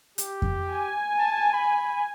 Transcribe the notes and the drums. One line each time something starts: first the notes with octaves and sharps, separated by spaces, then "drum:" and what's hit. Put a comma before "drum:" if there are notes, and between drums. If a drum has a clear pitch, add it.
G4, drum: hi-hat
drum: kick F2
G#5
A5
B5